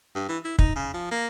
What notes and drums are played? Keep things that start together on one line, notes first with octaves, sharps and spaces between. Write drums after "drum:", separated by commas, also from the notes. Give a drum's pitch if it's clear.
G2
E3
E4
D#4, drum: kick
C#3
F3
A#3